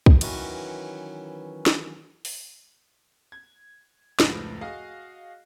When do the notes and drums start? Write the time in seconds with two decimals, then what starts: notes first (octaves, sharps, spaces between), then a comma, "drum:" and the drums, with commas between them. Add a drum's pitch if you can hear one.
0.06 drum: kick
0.21 D#3 E3 F#3 C#4 F#4 B4, drum: cymbal
1.66 drum: snare
2.25 drum: open hi-hat
3.32 G#6
4.20 F1 C#2 A2 F3 B4, drum: snare
4.61 F#4 G#4 D#5 F5